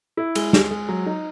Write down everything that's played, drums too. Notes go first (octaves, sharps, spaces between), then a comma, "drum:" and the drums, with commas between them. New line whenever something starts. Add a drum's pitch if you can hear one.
E4
G#3, drum: cymbal
G#3, drum: snare
G#3
F#3
D#4